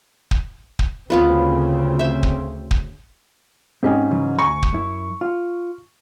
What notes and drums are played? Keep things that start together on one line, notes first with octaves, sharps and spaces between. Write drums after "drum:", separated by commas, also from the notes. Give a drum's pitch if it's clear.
drum: kick
drum: kick
D2 C#3 B3 C4 F4 B4
C5 E5
drum: kick
drum: kick
G#2 C4 C#4 G4 D#5
C#3 E3 F#3
D2 G#5 A#5 C#6
drum: kick
F#2 E4
F4